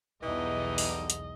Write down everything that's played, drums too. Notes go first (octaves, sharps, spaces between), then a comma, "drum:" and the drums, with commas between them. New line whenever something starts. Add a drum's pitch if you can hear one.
B1 E2 D3 E3 G3 D#4 D#5
drum: open hi-hat
drum: hi-hat